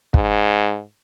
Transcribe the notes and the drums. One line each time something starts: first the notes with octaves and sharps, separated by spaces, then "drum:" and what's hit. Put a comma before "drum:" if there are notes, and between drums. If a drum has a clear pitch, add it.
G#2, drum: kick